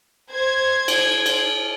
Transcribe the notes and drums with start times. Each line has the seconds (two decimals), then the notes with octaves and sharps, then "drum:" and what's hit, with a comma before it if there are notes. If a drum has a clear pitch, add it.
0.31 C5 G#6
0.88 drum: cymbal
1.26 drum: cymbal